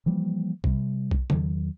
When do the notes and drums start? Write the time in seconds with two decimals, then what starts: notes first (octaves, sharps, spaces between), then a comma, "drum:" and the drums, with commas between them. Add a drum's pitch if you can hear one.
0.06 E3 F3 G3 A#3
0.64 C3 G3, drum: kick B1
1.11 drum: kick B1
1.30 E2 D#3 F#3, drum: tom